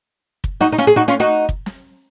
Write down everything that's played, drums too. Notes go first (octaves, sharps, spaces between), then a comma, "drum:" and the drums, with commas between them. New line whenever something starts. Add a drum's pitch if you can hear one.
drum: kick
D#4 F#4, drum: snare
D#4
C#4 F4
G#4
D#4 F#4
C#4 F4
D#4 F#4
drum: kick
drum: snare